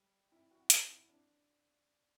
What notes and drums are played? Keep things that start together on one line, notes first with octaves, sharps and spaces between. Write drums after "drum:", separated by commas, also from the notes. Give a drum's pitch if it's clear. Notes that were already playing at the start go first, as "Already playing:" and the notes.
Already playing: G3
E4
F#4
F#4, drum: hi-hat
E4
D4